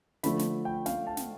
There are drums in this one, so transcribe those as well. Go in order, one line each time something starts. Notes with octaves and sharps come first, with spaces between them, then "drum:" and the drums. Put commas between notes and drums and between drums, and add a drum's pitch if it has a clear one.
D3 F3 A3 B5, drum: snare
drum: snare
G5
F5, drum: snare
A5
drum: snare